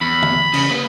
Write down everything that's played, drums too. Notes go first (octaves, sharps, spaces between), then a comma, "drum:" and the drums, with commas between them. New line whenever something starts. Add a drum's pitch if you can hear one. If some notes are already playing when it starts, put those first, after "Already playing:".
E2 B5
drum: tom
C#3, drum: cymbal
A#3 B4